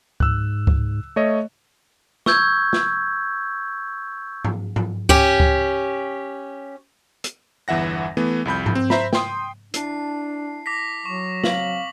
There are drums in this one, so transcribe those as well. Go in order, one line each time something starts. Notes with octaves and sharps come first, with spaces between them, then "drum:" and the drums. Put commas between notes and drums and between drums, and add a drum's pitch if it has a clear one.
G#2 E6 F#6, drum: kick C#2
drum: kick C#2
A3 C#5 D#5
C#6 E6 G6 G#6, drum: snare
drum: snare
drum: tom G#2
drum: tom G#2
C#4 G4, drum: kick C#2
drum: kick C#2
drum: hi-hat
G1 E2 E3 E5 F#5 A#6
E3 A3 B3
C2 F2 B5 G6
drum: tom G#2
C4
C5 E5 A#5 B5, drum: snare
G5 C6 D#6, drum: snare
D4 E4 A5 C7, drum: hi-hat
D6 A#6 B6
F#3 C#6
C4 F5 F#7, drum: snare